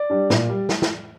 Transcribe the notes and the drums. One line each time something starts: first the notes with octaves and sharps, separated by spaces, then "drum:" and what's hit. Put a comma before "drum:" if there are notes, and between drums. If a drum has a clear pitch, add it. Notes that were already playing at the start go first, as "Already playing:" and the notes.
Already playing: D5
G3 D4
A#2, drum: snare
G3
drum: snare
drum: snare